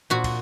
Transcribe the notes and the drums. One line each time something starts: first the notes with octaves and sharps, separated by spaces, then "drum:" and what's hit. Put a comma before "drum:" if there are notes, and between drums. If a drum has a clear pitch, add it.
A#2 F#4
drum: kick, cymbal